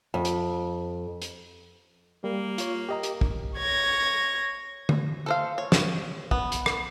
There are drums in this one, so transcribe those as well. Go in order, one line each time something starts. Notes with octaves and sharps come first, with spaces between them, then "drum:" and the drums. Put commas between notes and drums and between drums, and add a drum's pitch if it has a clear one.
F2
drum: hi-hat
drum: hi-hat
G3 A#3
F4 C#5, drum: hi-hat
G4 D#5 A#5
drum: hi-hat
drum: kick
C#5 G#6 A#6
drum: tom
A4 C5 F5
C#5
drum: snare
B3, drum: kick
drum: hi-hat
drum: rim click